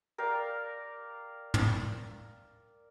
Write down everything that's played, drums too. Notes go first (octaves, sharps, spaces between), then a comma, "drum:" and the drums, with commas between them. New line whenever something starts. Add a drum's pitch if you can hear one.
A#4 D5 F5 G5
drum: tom